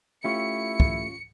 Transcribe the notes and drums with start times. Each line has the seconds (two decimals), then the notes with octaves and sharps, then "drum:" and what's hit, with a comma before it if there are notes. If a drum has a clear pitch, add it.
0.24 A3 C#4 E4 F4 G4 C#6 C#7
0.80 drum: kick